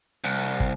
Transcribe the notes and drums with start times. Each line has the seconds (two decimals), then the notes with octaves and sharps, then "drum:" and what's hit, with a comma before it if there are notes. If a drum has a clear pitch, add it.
0.24 C2
0.60 drum: kick